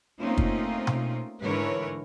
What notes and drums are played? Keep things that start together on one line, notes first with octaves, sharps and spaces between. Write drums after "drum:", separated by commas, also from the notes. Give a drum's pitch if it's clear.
A3 A#3 C4 C#4 D#4 F4
drum: kick
drum: tom B2
G#2 D3 E3 A#4 B4 C#5